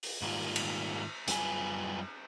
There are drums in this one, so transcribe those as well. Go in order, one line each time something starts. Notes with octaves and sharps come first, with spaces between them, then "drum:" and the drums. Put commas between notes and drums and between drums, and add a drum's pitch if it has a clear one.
drum: open hi-hat
G#2 D#3 G3 A#3 F4
drum: cymbal
F#2 G3 F4 B4 G#5, drum: hi-hat